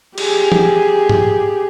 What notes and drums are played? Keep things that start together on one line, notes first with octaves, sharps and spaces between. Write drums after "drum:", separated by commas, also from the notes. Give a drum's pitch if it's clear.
G4 G#4, drum: cymbal
drum: tom
drum: tom G2